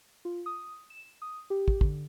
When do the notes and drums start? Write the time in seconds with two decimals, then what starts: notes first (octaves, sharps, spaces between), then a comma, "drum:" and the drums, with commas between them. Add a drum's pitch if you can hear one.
0.25 F4
0.46 D#6
0.90 E7
1.22 D#6
1.50 G4
1.68 drum: kick
1.81 D3, drum: kick